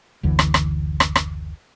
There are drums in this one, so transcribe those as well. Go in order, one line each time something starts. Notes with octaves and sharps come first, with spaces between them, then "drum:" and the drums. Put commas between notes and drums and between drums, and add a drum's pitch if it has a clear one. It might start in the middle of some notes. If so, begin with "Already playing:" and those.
F#1 D2 D3 E3
drum: rim click
drum: rim click
drum: rim click
drum: rim click